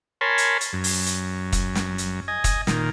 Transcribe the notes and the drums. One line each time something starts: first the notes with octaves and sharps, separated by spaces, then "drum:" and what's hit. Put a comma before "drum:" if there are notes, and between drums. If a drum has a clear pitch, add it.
A#4 C#5 G#5 A5 B5 C6
drum: hi-hat
drum: hi-hat
F#2
drum: open hi-hat
drum: hi-hat
drum: kick, hi-hat
drum: snare
drum: hi-hat
D#5 G#5
drum: kick, hi-hat
A#2 D#3, drum: snare